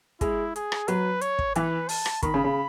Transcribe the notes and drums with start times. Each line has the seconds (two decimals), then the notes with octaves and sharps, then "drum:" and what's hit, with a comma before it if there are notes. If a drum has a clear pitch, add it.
0.21 G#3 E4, drum: kick, hi-hat
0.56 G#4, drum: hi-hat
0.72 drum: rim click
0.88 F#3 B4, drum: hi-hat
1.21 C#5, drum: hi-hat
1.39 drum: kick
1.55 E3 B4, drum: hi-hat
1.89 A5, drum: open hi-hat
2.06 drum: rim click
2.23 D#3 B5, drum: kick, hi-hat
2.34 C#3
2.44 C#3